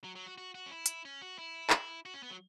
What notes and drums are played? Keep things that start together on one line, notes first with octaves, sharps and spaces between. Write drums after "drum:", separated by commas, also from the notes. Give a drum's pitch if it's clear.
F#3
F#3
F#4
F#4
F#4
C#4
E4
drum: hi-hat
C#4
F#4
E4
drum: clap
F#4
C#4
B3
F#3